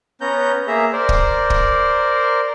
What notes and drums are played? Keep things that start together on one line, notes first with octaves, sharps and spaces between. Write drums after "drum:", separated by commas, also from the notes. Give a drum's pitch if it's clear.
B3 C#4 A#5 G6
A#3 G#4 E5 A#5
A#4 C5 D5
drum: kick
drum: kick